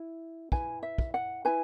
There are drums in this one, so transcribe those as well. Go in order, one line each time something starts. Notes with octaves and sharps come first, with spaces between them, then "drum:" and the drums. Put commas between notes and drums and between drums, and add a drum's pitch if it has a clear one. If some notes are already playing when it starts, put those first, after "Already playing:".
Already playing: E4
E4 B4 G#5, drum: kick
E5
drum: kick
F#5
E4 B4 G#5